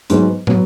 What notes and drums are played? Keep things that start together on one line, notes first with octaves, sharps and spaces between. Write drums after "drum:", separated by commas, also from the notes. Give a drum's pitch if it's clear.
G#2 F#3 B3, drum: hi-hat
F#3 B3, drum: tom